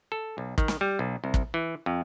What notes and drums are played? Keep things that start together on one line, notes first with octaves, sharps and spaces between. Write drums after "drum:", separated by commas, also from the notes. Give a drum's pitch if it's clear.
A4
B1
D#3, drum: kick
drum: snare
G3
B1
C2
drum: kick
E3
F2